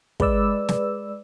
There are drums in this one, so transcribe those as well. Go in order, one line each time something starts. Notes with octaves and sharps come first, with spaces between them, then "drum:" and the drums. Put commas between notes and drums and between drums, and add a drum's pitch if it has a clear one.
G#3 B4 D5 E6, drum: kick
drum: snare